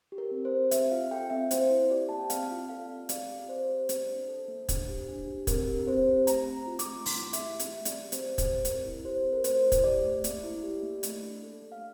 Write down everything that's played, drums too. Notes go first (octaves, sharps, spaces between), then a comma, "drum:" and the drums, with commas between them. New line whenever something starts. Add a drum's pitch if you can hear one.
G4
A#4
C4
C5
G4
C4 E5, drum: hi-hat
F4 F5
A4 G5
C4 E5
A#3 C5, drum: hi-hat
E4
G4 D5
A#3 A5
G5
C4 F5, drum: hi-hat
F4
A4 F5
C4
C4 D5, drum: hi-hat
G4
C4 C5
G4
A#3, drum: hi-hat
D4
A4
A#3
D4, drum: kick, hi-hat
G4
D4
G4
C4 A#4, drum: kick, hi-hat
G4
C4 C5
G4
A3 A#5, drum: hi-hat
C4
F4
D6, drum: hi-hat
A3
A3 C6, drum: open hi-hat
E4
E5, drum: hi-hat
G4
E5, drum: hi-hat
A3
C4 D5, drum: hi-hat
G4
C5, drum: hi-hat
C4
C5, drum: kick, hi-hat
G4
C4 A#4, drum: hi-hat
E4
G4 C5
C4
A#4
A3 C5, drum: hi-hat
E4
C5, drum: kick, hi-hat
G4 D5
A3
A#3, drum: hi-hat
E4
G4
A#3
A3, drum: hi-hat
D4
A4
A3
F5